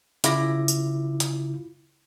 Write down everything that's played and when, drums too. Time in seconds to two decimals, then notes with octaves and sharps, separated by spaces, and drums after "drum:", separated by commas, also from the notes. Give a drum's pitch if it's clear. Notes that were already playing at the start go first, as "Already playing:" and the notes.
0.24 C#3 E4 F4 D6 A#6, drum: hi-hat
0.68 drum: tambourine
1.20 drum: hi-hat